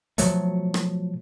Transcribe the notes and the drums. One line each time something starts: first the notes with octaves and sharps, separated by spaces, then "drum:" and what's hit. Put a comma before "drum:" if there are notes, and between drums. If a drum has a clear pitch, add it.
B2 F3 F#3 A3, drum: hi-hat
drum: rim click